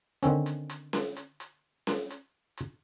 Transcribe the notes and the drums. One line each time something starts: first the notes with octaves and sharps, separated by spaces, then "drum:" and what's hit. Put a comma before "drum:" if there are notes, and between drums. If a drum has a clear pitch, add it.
D3 D#3 C4 C#4, drum: hi-hat
drum: hi-hat
drum: hi-hat
drum: snare C#4
drum: hi-hat
drum: hi-hat
drum: snare C#4
drum: hi-hat
drum: hi-hat